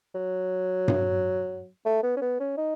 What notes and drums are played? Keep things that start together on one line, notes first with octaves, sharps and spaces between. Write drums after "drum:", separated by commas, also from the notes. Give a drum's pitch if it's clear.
F#3
drum: tom G2
A3
B3
C#4
B3
C#4
D#4